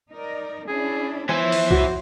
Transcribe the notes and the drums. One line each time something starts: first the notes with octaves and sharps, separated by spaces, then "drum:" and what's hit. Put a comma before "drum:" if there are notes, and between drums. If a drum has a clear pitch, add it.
D#4 A#4 D5
C#4 D4 E4 G#4
E3 F3 B3 C5 C#5 E5 G#5
drum: open hi-hat
F#4, drum: kick C2